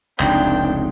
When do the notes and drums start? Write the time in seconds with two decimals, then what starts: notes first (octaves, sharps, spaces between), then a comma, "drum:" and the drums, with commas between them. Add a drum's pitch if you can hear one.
0.20 F1 C#2 C4 D4 D#4 G5, drum: clap